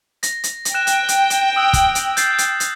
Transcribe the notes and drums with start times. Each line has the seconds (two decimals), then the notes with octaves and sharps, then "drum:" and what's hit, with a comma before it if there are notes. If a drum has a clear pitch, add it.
0.23 A#6, drum: hi-hat
0.43 drum: hi-hat
0.65 drum: hi-hat
0.74 G5 F#6 E7
0.87 drum: hi-hat
1.08 drum: hi-hat
1.30 drum: hi-hat
1.56 D#6 E6 F#6
1.73 drum: kick, hi-hat
1.95 drum: hi-hat
2.17 G6 A6 C7, drum: hi-hat
2.38 drum: hi-hat
2.60 drum: hi-hat